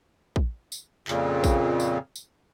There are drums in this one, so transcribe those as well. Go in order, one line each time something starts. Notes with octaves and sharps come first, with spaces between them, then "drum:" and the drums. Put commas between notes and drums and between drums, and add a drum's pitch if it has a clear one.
drum: kick
drum: tambourine
F2 A#2 C#3, drum: clap
drum: kick, tambourine
drum: tambourine
drum: tambourine